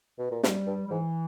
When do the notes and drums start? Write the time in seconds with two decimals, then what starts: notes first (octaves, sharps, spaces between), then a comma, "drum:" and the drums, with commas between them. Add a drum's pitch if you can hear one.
0.19 B2
0.31 A#2
0.43 G#2 G3, drum: snare
0.67 G2
0.86 G3
0.90 G#2 E3